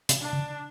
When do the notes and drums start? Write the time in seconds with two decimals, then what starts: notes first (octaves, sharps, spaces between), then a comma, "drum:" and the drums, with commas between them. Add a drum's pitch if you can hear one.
0.09 C3, drum: hi-hat
0.21 D4
0.33 C#3